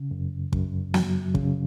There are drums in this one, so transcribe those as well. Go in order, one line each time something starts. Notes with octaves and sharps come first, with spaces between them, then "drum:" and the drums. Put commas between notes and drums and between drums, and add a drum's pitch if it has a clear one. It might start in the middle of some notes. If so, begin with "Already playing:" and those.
Already playing: C#3
F#2
F#2, drum: kick
F#3, drum: snare
C#3, drum: kick